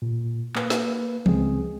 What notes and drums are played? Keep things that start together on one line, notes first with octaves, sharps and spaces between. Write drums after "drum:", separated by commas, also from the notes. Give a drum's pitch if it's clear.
A#2
A#3 B4, drum: clap
drum: snare
C#2 G#3 C4 G#4, drum: tom E3